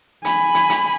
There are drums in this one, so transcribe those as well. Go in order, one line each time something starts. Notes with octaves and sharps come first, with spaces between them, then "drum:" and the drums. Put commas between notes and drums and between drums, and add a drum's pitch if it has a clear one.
G#5 B5, drum: hi-hat
drum: hi-hat
drum: hi-hat